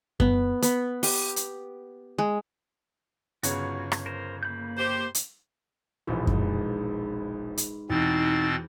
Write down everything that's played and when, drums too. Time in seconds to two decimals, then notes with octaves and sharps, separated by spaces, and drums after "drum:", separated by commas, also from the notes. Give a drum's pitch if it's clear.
0.20 B3, drum: kick F#2
0.63 B3, drum: hi-hat
1.03 G4, drum: open hi-hat
1.36 drum: hi-hat
2.18 G#3
3.43 G1 C#3 C#4 F#4, drum: hi-hat
3.92 drum: rim click
4.06 A#4 C5
4.43 A#3 B5 G6
4.78 G4 C5
5.15 drum: hi-hat
6.07 E1 A#1 G#2 E3 B4
6.27 drum: kick F#2
7.58 drum: hi-hat
7.90 E2 B2 C4 D#4 A6